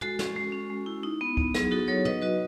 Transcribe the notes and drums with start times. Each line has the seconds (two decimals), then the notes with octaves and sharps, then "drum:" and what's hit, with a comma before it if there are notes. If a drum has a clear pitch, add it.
0.01 G#3 F#4 A4, drum: tom
0.19 C#4, drum: snare
0.36 G#3
0.52 C#4
0.70 G#3
0.86 E4
1.03 D#4
1.21 B3
1.37 B3, drum: kick
1.54 F#3 G#4, drum: snare
1.71 D#4 F#4 A4
1.88 F#3 A4 C#5
2.05 D#4 B4 D#5, drum: tom
2.22 F#4 B4 D#5